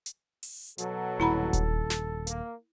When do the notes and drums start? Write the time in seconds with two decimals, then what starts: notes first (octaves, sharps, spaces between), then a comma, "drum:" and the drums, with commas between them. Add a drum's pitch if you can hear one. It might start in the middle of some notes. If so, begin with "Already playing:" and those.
0.06 drum: hi-hat
0.43 drum: open hi-hat
0.78 B2 F#3 A4, drum: hi-hat
1.20 D#1 E4 A#5 B5
1.53 drum: kick D#1, hi-hat
1.90 drum: snare
2.27 A#3, drum: hi-hat